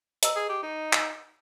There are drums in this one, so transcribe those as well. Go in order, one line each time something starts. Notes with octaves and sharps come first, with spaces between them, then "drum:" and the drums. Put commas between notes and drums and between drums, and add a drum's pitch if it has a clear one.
B4 D#5 A#5 E6, drum: hi-hat
G#4
G4
D#4
drum: clap